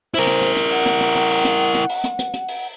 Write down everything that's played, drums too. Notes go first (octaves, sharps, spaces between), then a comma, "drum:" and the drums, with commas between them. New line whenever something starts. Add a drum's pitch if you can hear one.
E4 A#4 C5
drum: hi-hat
drum: hi-hat
drum: hi-hat
F#5, drum: open hi-hat
drum: hi-hat
drum: hi-hat
drum: hi-hat
drum: open hi-hat
drum: hi-hat
drum: hi-hat
drum: open hi-hat
drum: hi-hat
drum: hi-hat
drum: hi-hat
drum: open hi-hat